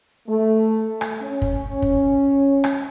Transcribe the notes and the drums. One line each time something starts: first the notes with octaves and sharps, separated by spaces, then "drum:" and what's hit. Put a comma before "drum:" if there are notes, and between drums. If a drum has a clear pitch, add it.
A3
drum: rim click
C#4
drum: kick
drum: kick
drum: rim click